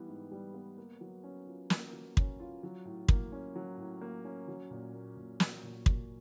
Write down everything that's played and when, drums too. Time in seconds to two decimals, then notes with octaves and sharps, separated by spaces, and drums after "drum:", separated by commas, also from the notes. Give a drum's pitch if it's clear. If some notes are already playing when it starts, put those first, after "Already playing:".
Already playing: E3 G3 B3
0.08 G#2
0.31 G3
0.54 B3
0.77 A#3
1.01 F#3
1.23 C#4
1.47 F4
1.70 A#3, drum: snare
1.93 F#3
2.17 C#4, drum: kick
2.40 F4
2.63 F#3
2.85 A2
3.08 A#3, drum: kick
3.32 C#4
3.56 F#3
3.78 A2
4.01 A#3
4.25 C#4
4.48 F#3
4.71 A#2
4.94 A#3
5.17 A#2
5.40 F#3, drum: snare
5.63 A#2
5.86 A#3, drum: kick